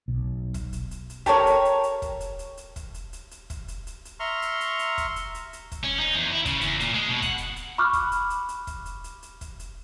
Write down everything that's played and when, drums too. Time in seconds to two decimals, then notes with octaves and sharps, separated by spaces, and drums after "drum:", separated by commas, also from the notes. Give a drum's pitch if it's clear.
0.08 B1
0.54 drum: kick, hi-hat
0.73 drum: hi-hat
0.91 drum: hi-hat
1.10 drum: hi-hat
1.26 G4 A4 A#4 C#5, drum: kick, hi-hat
1.47 drum: hi-hat
1.65 drum: hi-hat
1.84 drum: hi-hat
2.02 drum: kick, hi-hat
2.20 drum: hi-hat
2.39 drum: hi-hat
2.57 drum: hi-hat
2.76 drum: kick, hi-hat
2.94 drum: hi-hat
3.13 drum: hi-hat
3.31 drum: hi-hat
3.50 drum: kick, hi-hat
3.68 drum: hi-hat
3.87 drum: hi-hat
4.05 drum: hi-hat
4.20 E5 A#5 C6 C#6 F6
4.42 drum: hi-hat
4.61 drum: hi-hat
4.79 drum: hi-hat
4.98 drum: kick, hi-hat
5.16 drum: hi-hat
5.35 drum: hi-hat
5.53 drum: hi-hat
5.72 drum: kick, hi-hat
5.84 C#4
5.99 D#4
6.14 E2
6.33 E4
6.45 C#3, drum: kick, hi-hat
6.61 E2, drum: hi-hat
6.80 A#2, drum: hi-hat
6.94 G#3
7.09 B2
7.22 F#5, drum: kick, hi-hat
7.38 drum: hi-hat
7.56 drum: hi-hat
7.78 B5 C#6 D6 F6 F#6
7.93 drum: kick, hi-hat
8.12 drum: hi-hat
8.30 drum: hi-hat
8.49 drum: hi-hat
8.67 drum: kick, hi-hat
8.86 drum: hi-hat
9.04 drum: hi-hat
9.23 drum: hi-hat
9.41 drum: kick, hi-hat
9.60 drum: hi-hat